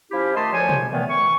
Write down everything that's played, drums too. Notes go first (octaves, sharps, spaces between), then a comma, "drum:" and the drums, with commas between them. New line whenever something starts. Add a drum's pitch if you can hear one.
F3 C#4 E4 G4
D#3 A3 D#5 A5 C6
D2 F3 C#5 G#5
drum: tom
A#2 D#3 E3 A3 B3
C#6